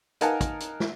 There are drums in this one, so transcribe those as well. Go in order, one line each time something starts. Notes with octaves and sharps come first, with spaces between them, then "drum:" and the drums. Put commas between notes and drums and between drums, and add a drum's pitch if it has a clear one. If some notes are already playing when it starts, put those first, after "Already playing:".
D#4 A#4 F5 F#5 G#5 A5, drum: hi-hat
drum: kick, hi-hat
drum: hi-hat
drum: snare